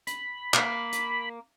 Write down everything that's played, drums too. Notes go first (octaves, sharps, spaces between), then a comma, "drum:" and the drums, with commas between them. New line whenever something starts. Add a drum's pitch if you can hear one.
B5, drum: hi-hat
A#3, drum: clap
drum: hi-hat